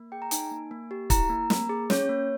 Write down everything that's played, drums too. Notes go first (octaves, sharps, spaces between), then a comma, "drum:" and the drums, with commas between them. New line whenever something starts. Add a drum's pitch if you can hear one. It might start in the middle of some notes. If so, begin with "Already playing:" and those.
Already playing: A#3
G#4 G5
A#5
D#4 G#5, drum: hi-hat
A#3
A#3
G4
E4 A#5, drum: kick, hi-hat
A#3
A#3, drum: snare
G#4
C#4 C#5, drum: snare
A#3